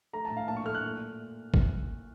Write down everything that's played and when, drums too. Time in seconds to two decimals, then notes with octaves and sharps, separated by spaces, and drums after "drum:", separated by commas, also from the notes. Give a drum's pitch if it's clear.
0.13 A3 A#5
0.25 A2 A5
0.37 F5
0.48 A#2 A5
0.57 C#6
0.65 A3 F6
0.75 F#6
0.83 A#2
1.54 drum: kick